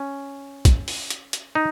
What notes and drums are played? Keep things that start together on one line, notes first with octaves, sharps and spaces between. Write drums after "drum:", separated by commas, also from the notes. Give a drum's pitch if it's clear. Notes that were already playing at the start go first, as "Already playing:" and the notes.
Already playing: C#4
drum: kick, hi-hat
drum: open hi-hat
drum: hi-hat
drum: hi-hat
D#4